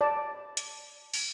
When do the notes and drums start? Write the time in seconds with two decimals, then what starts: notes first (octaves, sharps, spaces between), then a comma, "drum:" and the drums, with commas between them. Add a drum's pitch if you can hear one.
0.01 D5 A5
0.57 drum: hi-hat
1.14 drum: open hi-hat